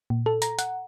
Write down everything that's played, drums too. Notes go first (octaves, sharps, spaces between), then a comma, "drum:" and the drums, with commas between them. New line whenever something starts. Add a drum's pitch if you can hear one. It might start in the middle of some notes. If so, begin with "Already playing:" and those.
A#2
A4
A#5, drum: hi-hat
F#5, drum: hi-hat